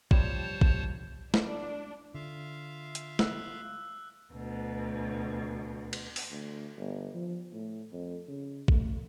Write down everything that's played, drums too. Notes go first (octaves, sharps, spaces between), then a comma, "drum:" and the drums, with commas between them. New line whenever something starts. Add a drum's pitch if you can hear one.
G2 F3 G3 C5 C#5 A5, drum: kick A1
drum: kick A1
D4, drum: snare
D3 F4 E5 F5
drum: hi-hat
E6 F#6, drum: snare
D2 B2
drum: cymbal
drum: open hi-hat
D2
G1
F3
A2
F2
C#3
A3, drum: kick A1